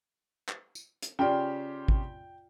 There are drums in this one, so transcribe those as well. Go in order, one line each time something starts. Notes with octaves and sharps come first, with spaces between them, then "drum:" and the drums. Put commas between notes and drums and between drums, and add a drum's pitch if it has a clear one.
drum: clap
drum: tambourine
drum: hi-hat
C#3 F4 G4 D5 G5 C6
drum: kick